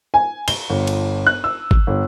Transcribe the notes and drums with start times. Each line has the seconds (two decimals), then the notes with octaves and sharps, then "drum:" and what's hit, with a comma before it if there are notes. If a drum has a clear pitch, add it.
0.14 G#5
0.48 G7, drum: cymbal
0.70 G1
0.87 drum: cymbal
1.27 F#6
1.44 E6
1.71 drum: kick G#1
1.87 G1